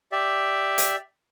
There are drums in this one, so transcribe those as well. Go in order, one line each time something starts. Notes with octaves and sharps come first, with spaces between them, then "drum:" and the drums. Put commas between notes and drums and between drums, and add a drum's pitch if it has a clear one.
G4 D5 E5
drum: hi-hat